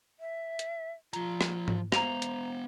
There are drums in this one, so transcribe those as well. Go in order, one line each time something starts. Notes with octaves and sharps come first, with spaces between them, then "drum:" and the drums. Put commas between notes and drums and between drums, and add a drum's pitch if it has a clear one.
E5
drum: hi-hat
F3 F4 A#5, drum: hi-hat
drum: rim click
drum: tom G#2
B3 C5 F5 A#5 F7, drum: rim click
drum: hi-hat